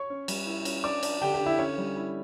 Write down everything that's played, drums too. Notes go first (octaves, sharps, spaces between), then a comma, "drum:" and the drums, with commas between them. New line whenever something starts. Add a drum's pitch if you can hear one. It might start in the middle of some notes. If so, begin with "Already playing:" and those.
Already playing: C#5 C#6
C#4
G3, drum: cymbal
E4
C#4, drum: cymbal
D4 D5 D6
D4, drum: cymbal
D3 G4 G5
G4 G5
D3
E4 E5
C#4 C#5
G3
E4